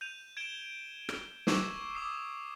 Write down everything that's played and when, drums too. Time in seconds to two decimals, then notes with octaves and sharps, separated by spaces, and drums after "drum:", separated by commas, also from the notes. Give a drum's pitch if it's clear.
0.01 G6 D#7 F7
0.37 G#6 D7 E7 G7
1.09 drum: rim click
1.47 C#6 D6 E6 G#6 C7 E7, drum: snare
1.95 D6 D#6 C7